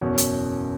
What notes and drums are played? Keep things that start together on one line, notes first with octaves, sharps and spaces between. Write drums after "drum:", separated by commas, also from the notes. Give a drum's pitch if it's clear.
F#1 E2 B2 F#3 C#4
drum: hi-hat